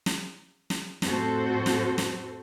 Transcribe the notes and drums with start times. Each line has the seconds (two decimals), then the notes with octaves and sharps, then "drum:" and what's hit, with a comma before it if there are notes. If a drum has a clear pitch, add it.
0.06 drum: snare
0.70 drum: snare
1.02 F2 A2 C4 F#4 A4 C5, drum: snare
1.66 drum: snare
1.98 drum: snare